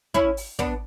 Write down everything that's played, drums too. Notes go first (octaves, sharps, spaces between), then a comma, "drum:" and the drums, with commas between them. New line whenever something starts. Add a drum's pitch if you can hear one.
C#4 E4, drum: kick
drum: open hi-hat
B3 D4, drum: kick